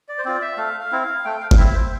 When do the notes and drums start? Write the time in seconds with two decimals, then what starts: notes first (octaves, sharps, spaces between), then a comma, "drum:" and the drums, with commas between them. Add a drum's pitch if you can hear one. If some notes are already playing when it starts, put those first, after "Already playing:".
0.09 D5
0.18 C5
0.25 C4 F4 D5
0.42 E5
0.58 A3 F5
0.81 F5
0.92 C4 E4
1.02 F5
1.25 A3 G5
1.41 F5
1.51 F5, drum: kick G1
1.57 C4 E4 E5
1.74 C5